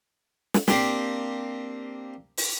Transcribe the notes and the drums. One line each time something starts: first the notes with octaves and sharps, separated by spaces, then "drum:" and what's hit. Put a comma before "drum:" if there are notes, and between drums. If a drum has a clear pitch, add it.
drum: snare
A#3 C4 D4 G4, drum: snare
drum: open hi-hat